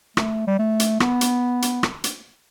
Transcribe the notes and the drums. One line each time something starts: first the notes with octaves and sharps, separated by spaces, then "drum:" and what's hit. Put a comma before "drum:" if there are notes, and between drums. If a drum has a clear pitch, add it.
A3, drum: rim click
G3
A3
drum: hi-hat
B3, drum: rim click
drum: hi-hat
drum: hi-hat
drum: rim click
drum: hi-hat